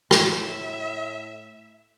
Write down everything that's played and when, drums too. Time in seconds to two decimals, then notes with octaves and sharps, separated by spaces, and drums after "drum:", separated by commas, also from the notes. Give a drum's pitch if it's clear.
0.11 A2 E5, drum: rim click